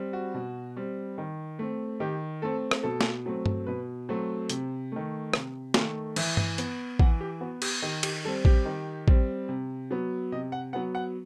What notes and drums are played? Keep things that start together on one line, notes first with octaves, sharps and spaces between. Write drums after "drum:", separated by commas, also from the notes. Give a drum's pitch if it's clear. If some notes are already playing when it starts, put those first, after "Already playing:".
Already playing: G3 C4
F#4
B2
G3 C4
D#3
A3 C4
D#3 G4
A3 C4 A4
drum: rim click
B2 A4
drum: snare
F#3 A3 C4
drum: tom G2
B2 B4
F#3 A3 C4 C5
C3, drum: hi-hat
D#3 A3
C3, drum: rim click
D#3 A3, drum: snare
E3 E5, drum: cymbal
drum: tom G2
B3, drum: hi-hat
E3 F#5, drum: kick
G4
B3 F#4
G4, drum: cymbal
D#3 G4
G4, drum: cymbal
G3 C4 A4
G4, drum: kick
D#3
G3 C4, drum: kick
C3
F#3 B3
C3 D#5
F#5
F#3 B3 F#5
F#5